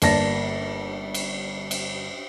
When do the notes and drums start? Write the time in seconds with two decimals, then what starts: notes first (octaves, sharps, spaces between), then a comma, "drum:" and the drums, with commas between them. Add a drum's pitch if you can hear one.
0.02 G1 A#3 D5 A5 A#6, drum: cymbal
1.14 drum: cymbal
1.71 drum: cymbal